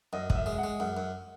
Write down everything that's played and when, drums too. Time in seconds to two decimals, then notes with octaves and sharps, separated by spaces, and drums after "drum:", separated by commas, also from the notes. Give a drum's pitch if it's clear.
0.13 F#2 D#5
0.30 F#2, drum: kick
0.35 E5
0.46 G#3
0.58 F#5
0.64 G#3
0.80 F#2 F#5
0.97 F#2